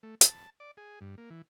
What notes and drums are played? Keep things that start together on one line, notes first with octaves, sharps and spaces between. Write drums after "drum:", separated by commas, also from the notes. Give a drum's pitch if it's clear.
A3
A5, drum: hi-hat
D5
G#4
G2
A#3
E3